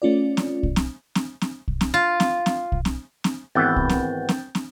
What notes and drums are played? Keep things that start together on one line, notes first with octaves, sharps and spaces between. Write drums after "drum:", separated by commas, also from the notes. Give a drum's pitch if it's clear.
A3 C#4 F4 D5
drum: snare
drum: kick
drum: snare
drum: snare
drum: snare
drum: kick
drum: snare
F4
drum: snare
drum: snare
drum: kick
drum: snare
drum: snare
G#1 E3 B3 C4 G6 A6
drum: kick
drum: snare
drum: snare
drum: snare